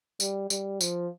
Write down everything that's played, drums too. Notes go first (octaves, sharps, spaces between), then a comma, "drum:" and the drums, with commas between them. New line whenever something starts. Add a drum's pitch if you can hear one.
G3, drum: tambourine
G3, drum: tambourine
F3, drum: tambourine